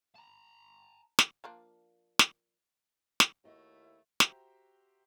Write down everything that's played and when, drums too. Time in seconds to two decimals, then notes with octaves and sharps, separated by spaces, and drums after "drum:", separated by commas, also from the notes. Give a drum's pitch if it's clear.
0.15 A5 A#5
1.19 drum: snare
1.44 F3 A#3 D4
2.19 drum: snare
3.20 drum: snare
3.44 D#2 A3 E4 F#4 D#5
4.20 F#4 G4 C5 E5 G5 A#5, drum: snare